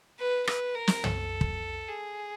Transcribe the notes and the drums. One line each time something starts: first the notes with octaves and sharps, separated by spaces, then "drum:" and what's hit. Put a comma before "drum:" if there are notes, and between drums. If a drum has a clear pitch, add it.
B4
B4, drum: rim click
A#4
drum: snare
A4, drum: tom
drum: kick
G#4